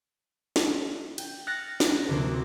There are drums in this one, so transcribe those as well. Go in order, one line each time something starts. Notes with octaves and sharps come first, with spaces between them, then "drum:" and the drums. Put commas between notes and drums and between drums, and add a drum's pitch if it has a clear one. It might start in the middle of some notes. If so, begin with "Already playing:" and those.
drum: snare
G5, drum: cymbal
F6 F#6 A6 A#6 C#7
drum: snare
D2 C3 F#3 A#3 C4